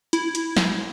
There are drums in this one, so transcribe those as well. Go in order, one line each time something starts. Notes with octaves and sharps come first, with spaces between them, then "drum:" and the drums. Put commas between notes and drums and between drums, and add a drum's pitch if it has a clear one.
E4, drum: hi-hat
drum: hi-hat
drum: snare